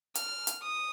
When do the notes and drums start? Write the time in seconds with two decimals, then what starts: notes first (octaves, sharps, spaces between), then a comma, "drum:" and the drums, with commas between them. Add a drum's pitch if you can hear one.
0.15 F6, drum: hi-hat
0.47 drum: hi-hat
0.62 D#6